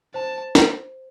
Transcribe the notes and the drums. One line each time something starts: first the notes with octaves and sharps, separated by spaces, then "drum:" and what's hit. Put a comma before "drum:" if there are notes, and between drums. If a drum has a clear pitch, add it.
C5 A5
drum: snare